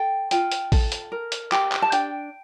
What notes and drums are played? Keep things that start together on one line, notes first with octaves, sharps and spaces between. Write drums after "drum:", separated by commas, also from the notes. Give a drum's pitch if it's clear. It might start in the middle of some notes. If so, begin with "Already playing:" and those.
Already playing: A4 G5
F4 G5, drum: hi-hat
drum: hi-hat
A4, drum: kick A1, open hi-hat
drum: hi-hat
A#4
drum: hi-hat
G4, drum: clap
drum: clap
A5
D4 G5, drum: hi-hat